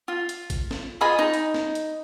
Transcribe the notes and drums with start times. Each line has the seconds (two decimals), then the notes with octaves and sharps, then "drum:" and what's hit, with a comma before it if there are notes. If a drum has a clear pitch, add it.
0.08 F4
0.29 drum: hi-hat
0.50 drum: kick G#1, hi-hat
0.71 drum: snare
1.01 F4 G#4 D#5 B5
1.19 D#4
1.34 drum: hi-hat
1.54 drum: snare
1.75 drum: hi-hat